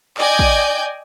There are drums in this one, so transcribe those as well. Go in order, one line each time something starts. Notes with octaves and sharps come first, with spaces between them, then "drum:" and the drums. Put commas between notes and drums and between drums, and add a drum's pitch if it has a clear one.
D5 D#5 G5 G#5 G6, drum: clap
drum: kick